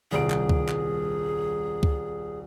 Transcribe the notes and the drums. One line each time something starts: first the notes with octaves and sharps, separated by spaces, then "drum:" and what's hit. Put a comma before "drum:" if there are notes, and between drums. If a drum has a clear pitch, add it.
D#1 C2 G#4 D7
drum: clap
drum: kick C#2
drum: clap
drum: kick C#2